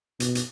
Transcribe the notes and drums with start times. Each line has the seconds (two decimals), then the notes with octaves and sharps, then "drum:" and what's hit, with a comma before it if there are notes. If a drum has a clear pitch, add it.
0.20 B2, drum: hi-hat
0.35 drum: hi-hat